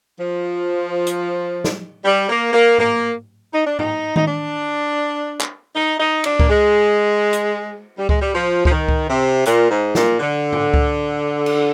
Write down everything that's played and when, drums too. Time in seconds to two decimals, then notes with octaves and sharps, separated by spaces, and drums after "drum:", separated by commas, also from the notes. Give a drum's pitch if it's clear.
0.19 F3
1.07 drum: hi-hat
1.64 drum: snare
2.04 G3
2.29 A#3
2.53 A#3
2.78 A#3, drum: tom G#2
3.53 D#4
3.66 D4
3.79 D#4, drum: tom G#2
4.16 D#4, drum: tom D#3
4.27 D4
5.41 drum: clap
5.75 D#4
5.99 D#4
6.24 D4, drum: cymbal
6.40 A#3, drum: kick C#2
6.49 G#3
7.33 drum: hi-hat
7.97 G3
8.09 G#3, drum: kick C#2
8.21 G3
8.34 F3
8.65 F3, drum: kick C#2
8.71 D#3
8.89 drum: kick C#2
9.08 C3
9.45 A#2, drum: hi-hat
9.70 G#2
9.95 A#2, drum: snare
10.19 D3
10.53 drum: tom G#2
10.74 drum: kick C#2
11.46 drum: cymbal